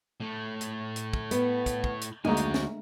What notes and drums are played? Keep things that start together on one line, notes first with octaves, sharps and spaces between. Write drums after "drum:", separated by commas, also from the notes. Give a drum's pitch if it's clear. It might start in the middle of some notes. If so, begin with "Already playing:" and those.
A2 A3
drum: hi-hat
drum: hi-hat
drum: kick
B3, drum: hi-hat
drum: kick, hi-hat
drum: kick
drum: hi-hat
D2 G#3 A#3 D#4 F#4 G#5
drum: hi-hat
drum: snare